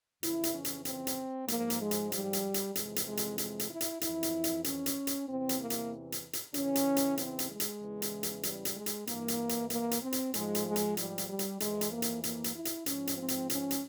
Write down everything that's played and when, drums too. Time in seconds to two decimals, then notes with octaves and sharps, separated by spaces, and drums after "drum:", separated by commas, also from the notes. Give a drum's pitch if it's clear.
0.23 F2 C#3 E3 E4, drum: hi-hat
0.44 drum: hi-hat
0.54 C#4
0.65 drum: hi-hat
0.85 C4, drum: hi-hat
1.07 drum: hi-hat
1.48 G#2 F3 A#3, drum: hi-hat
1.70 drum: hi-hat
1.81 G#3
1.91 drum: hi-hat
2.12 G3, drum: hi-hat
2.33 drum: hi-hat
2.54 drum: hi-hat
2.76 F2 C3 E3 G#3, drum: hi-hat
2.96 drum: hi-hat
3.06 G#3
3.17 drum: hi-hat
3.38 G#3, drum: hi-hat
3.59 drum: hi-hat
3.70 E4
3.81 drum: hi-hat
4.01 F2 E3 E4, drum: hi-hat
4.23 drum: hi-hat
4.44 drum: hi-hat
4.64 C#4, drum: hi-hat
4.86 drum: hi-hat
5.07 drum: hi-hat
5.28 E2 C3 E3 C4
5.49 drum: hi-hat
5.59 A#3
5.70 drum: hi-hat
6.12 drum: hi-hat
6.33 drum: hi-hat
6.54 E2 C#3 E3 C#4, drum: hi-hat
6.75 drum: hi-hat
6.97 drum: hi-hat
7.17 C4, drum: hi-hat
7.39 drum: hi-hat
7.49 G#3
7.60 drum: hi-hat
7.80 E2 C#3 E3
8.02 drum: hi-hat
8.23 drum: hi-hat
8.43 G3, drum: hi-hat
8.65 drum: hi-hat
8.76 G#3
8.86 drum: hi-hat
9.07 G2 E3 A#3, drum: hi-hat
9.28 drum: hi-hat
9.49 drum: hi-hat
9.70 A#3, drum: hi-hat
9.91 drum: hi-hat
10.03 C4
10.12 drum: hi-hat
10.34 G#2 F3 G#3, drum: hi-hat
10.55 drum: hi-hat
10.66 G#3
10.76 drum: hi-hat
10.97 G3, drum: hi-hat
11.18 drum: hi-hat
11.28 G3
11.39 drum: hi-hat
11.60 F2 E3 G#3, drum: hi-hat
11.81 drum: hi-hat
11.92 A#3
12.02 drum: hi-hat
12.24 A#3, drum: hi-hat
12.44 drum: hi-hat
12.55 E4
12.65 drum: hi-hat
12.86 G#2 F3 C#4, drum: hi-hat
13.07 drum: hi-hat
13.17 C4
13.28 drum: hi-hat
13.50 C#4, drum: hi-hat
13.71 drum: hi-hat